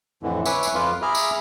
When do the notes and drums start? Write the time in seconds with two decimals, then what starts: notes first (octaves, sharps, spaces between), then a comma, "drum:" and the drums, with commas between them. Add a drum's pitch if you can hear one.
0.23 F2 A2 D3 E3
0.46 B4 C#5 E5 G#5 C#6 D6, drum: tambourine
0.63 drum: tambourine
0.75 F2 F4 B4 F5 C6 D6
1.02 G#4 E5 A#5 B5 D6 F6
1.15 drum: tambourine